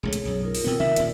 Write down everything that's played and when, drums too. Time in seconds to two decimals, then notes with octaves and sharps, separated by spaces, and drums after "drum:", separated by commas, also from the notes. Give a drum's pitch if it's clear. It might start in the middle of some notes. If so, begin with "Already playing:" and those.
0.03 E1 C#2 A3 G#4 C#5
0.13 drum: hi-hat
0.25 B1 F#2
0.43 D#4 F4 A#4
0.55 drum: open hi-hat
0.64 B2 B3 C4
0.80 C3 D#3 E5
0.96 D#1 A#2 D5, drum: hi-hat